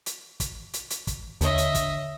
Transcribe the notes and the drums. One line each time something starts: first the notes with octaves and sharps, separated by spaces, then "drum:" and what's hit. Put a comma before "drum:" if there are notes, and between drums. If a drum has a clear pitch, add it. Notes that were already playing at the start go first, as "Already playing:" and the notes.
drum: hi-hat
drum: kick, hi-hat
drum: hi-hat
drum: hi-hat
drum: kick, hi-hat
D#2 D3 C#5 D#5 E5, drum: hi-hat
drum: hi-hat
drum: kick, hi-hat